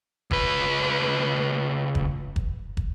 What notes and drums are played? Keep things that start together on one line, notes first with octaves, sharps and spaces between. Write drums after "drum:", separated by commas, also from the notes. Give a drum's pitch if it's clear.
C#2 B4, drum: kick
drum: kick
drum: kick
drum: kick